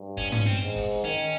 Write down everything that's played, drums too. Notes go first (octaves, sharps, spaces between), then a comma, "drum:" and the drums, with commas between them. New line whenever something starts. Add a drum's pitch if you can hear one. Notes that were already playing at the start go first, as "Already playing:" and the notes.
Already playing: G2
C#4, drum: kick G1, open hi-hat
C#4, drum: tom
C4, drum: hi-hat
G#2
drum: kick G1, open hi-hat
D#3 C#4, drum: hi-hat